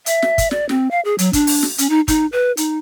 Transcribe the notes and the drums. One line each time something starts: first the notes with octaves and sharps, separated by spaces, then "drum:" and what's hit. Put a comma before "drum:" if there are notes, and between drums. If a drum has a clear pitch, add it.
E5, drum: hi-hat
drum: snare
drum: kick, hi-hat
D5, drum: snare
C4, drum: snare
F5
G#4
F#3, drum: hi-hat
D4, drum: kick, hi-hat
drum: open hi-hat
drum: snare
C#4, drum: hi-hat
D#4
D#4, drum: kick, hi-hat
B4
D#4, drum: hi-hat